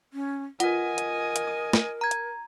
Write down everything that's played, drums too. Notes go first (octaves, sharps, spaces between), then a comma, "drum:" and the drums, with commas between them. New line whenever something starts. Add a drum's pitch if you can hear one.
C#4
F4 A#4 B4 D#5 F#5 G#5, drum: hi-hat
drum: hi-hat
drum: hi-hat
D#6
drum: snare
A#5 G#6
drum: hi-hat